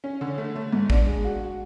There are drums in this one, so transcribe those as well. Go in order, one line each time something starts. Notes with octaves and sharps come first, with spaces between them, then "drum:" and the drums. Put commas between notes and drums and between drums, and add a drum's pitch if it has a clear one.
C#4
D3
A3
A3
G#2
D4, drum: kick
G#3
F#4